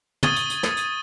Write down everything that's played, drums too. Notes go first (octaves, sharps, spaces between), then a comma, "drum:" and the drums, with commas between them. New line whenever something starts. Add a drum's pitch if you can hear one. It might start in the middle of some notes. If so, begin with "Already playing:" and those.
C#6 D#6 G#6 A6 D#7 G7, drum: tom
drum: hi-hat
drum: hi-hat
drum: snare
drum: hi-hat